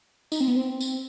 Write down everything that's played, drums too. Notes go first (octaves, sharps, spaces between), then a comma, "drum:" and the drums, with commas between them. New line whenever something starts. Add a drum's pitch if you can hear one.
D#4, drum: tambourine
C4
B3
C4
drum: tambourine